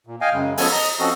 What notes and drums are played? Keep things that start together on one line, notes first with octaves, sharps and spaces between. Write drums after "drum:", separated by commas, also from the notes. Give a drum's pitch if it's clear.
A#2
D#5 F5 G5 G#5
F#2 C#3 G#3
F3 G#3 B3 C#4 A4 G#5, drum: open hi-hat
D#5 A#5
F3 C4 C#4 F#4 A4 D#5